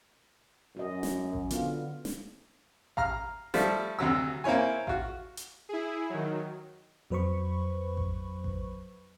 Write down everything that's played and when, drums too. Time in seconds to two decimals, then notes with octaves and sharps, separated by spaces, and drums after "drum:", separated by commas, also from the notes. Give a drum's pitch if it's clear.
0.77 F#2 F#4 D#5
1.03 drum: snare
1.33 drum: kick A1
1.50 D3 B3 F4, drum: hi-hat
2.05 drum: snare
2.97 F5 A#5 F6, drum: kick A1
3.54 F3 G3 A3, drum: snare
3.99 D2 C3 F#3 E6
4.44 A#3 C4 E4 C#5 G#5
4.87 F4 F#4, drum: kick A1
5.37 drum: hi-hat
5.69 E4 G#4
6.10 D#3 F#3
7.10 F2 F#3 B4 C5 B5 C#6
7.97 drum: kick A1
8.44 drum: kick A1